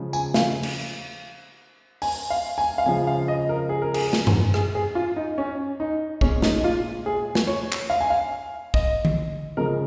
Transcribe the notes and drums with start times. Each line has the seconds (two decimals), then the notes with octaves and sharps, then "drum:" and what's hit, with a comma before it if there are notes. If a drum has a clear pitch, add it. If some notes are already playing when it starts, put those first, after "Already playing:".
Already playing: C#3 F3 G#3
0.13 G#5, drum: tambourine
0.34 F5, drum: snare
0.63 drum: cymbal
2.02 G#5, drum: open hi-hat
2.30 F5
2.58 G#5
2.78 F5
2.86 C#3 F3 G#3 G#5
3.07 F5
3.28 D#5
3.49 A#4
3.69 G#4
3.82 A#4
3.94 G#4, drum: cymbal
4.13 drum: snare
4.27 drum: tom F#2
4.54 G#4, drum: rim click
4.75 G#4
4.95 F4
5.16 D#4
5.38 C#4
5.80 D#4
6.21 A#2 G#3 C#4, drum: kick A#1
6.42 D#4, drum: snare
6.64 F4
7.06 G#4
7.35 drum: snare
7.47 C#5
7.72 drum: clap
7.90 F5
8.01 G#5
8.10 F5
8.74 D#5, drum: kick A#1
9.05 drum: tom D3
9.57 C#3 F3 G#3 A#4